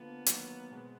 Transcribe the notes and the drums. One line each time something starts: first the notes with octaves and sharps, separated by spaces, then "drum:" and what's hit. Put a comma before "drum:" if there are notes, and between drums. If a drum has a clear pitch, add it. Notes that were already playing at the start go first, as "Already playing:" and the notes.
Already playing: D3 F3 A#3 B3
D#3 F#3 A#3, drum: hi-hat
B2 G#3 C4